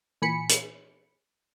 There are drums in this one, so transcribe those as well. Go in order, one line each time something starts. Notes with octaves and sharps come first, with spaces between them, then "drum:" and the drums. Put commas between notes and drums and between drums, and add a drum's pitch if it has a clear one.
A#2 E3 G#5 B5 C#7
drum: hi-hat